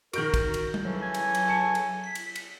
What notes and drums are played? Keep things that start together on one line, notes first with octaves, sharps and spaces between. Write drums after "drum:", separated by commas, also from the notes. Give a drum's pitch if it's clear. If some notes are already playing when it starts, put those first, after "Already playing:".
D#3 F#4 A#4 G6 D7, drum: cymbal
drum: kick, cymbal
drum: cymbal
drum: tom G3
C#3 E3 F#3 A4
G#5
drum: cymbal
drum: cymbal
A5 C#7
drum: cymbal
B6
drum: cymbal
drum: cymbal